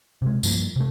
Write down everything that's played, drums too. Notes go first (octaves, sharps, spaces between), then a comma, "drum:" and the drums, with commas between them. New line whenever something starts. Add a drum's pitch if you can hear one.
C3 G#3
G2 F3 F#3 A#3, drum: tambourine
C3 A3